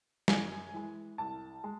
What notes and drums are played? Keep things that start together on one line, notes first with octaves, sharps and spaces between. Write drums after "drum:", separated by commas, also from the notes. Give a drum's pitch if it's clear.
F#2 G#5, drum: snare
E3 G#3
C2 A5
G#3